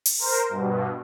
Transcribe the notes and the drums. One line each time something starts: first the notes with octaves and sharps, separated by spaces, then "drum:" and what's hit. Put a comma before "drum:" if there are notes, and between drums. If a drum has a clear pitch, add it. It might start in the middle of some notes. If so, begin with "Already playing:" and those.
drum: open hi-hat
A#4 C5
G2 B2